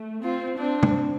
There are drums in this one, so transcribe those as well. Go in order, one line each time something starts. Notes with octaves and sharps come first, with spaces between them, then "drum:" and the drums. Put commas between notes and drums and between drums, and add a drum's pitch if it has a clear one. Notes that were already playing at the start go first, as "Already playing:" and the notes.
Already playing: A3
C4 F4
C4 D4
drum: tom